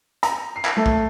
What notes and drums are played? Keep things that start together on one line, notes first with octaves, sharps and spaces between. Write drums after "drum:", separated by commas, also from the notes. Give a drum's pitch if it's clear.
A#5, drum: hi-hat
C7
drum: clap
A3
drum: kick B1